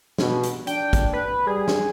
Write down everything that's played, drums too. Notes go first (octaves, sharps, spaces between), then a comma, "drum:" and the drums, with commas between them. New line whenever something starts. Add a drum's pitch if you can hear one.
B2, drum: snare
drum: hi-hat
D4 G5, drum: hi-hat
drum: kick, hi-hat
B4
G3 G#4
drum: snare